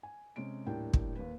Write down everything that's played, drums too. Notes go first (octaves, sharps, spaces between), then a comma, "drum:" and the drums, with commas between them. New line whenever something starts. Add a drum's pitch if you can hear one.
G#5
C3 G#3 C#4 D7
D#1 A2 D4 G4 A#4 G5
drum: kick
D#2 B4